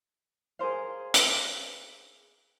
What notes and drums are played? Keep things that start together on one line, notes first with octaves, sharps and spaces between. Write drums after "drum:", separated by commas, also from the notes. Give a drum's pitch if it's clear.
G#4 A#4 C5 F5
drum: hi-hat